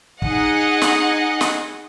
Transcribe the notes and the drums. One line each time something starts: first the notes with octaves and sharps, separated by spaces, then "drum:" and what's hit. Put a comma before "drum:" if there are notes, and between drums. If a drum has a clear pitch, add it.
D#4 G#4 D#5 F#5, drum: kick
drum: snare
drum: snare